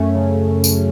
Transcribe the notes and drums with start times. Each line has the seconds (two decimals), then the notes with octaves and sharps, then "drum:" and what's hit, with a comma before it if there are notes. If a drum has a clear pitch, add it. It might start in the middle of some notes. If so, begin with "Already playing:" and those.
Already playing: F#2 A3 C#4
0.15 C#3
0.64 drum: tambourine